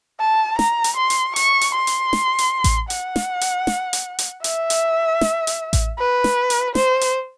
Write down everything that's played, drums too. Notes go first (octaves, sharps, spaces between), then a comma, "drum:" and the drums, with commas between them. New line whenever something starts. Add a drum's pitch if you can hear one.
A5
A#5, drum: snare
drum: hi-hat
C6
drum: hi-hat
C#6, drum: hi-hat
drum: hi-hat
C6
drum: hi-hat
drum: snare
drum: hi-hat
drum: kick A1, hi-hat
F#5, drum: hi-hat
drum: snare
drum: hi-hat
drum: snare
drum: hi-hat
drum: hi-hat
E5, drum: hi-hat
drum: hi-hat
drum: snare
drum: hi-hat
drum: kick A1, hi-hat
B4
drum: snare
drum: hi-hat
C5, drum: snare
drum: hi-hat